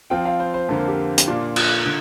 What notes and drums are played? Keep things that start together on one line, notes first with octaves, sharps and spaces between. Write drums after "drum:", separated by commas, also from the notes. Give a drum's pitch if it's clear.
F3 C4 F4 G5
F5
C5
C5
F2 D3 A#3 A#4
G4
G4, drum: hi-hat
A#2 A#3 D4 F4
F4, drum: cymbal
D3